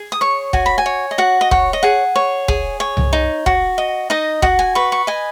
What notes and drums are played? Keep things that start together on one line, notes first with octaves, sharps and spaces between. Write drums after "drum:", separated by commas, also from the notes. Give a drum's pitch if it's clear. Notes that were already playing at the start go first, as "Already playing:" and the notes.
Already playing: G#4
D#6
C#5 C#6
F#4 G#5, drum: kick
B5
G#5
C#5
D#5
F#4 F#5
D#5
C#5 F#5, drum: kick
D#5
G#4 F#5
C#5
G#4, drum: kick
C#5
drum: tom C2
D#4
F#4, drum: kick
D#5
D#4 D#5
F#4 F#5, drum: kick
G#5
B4 C#6
C#6
D#5 G#5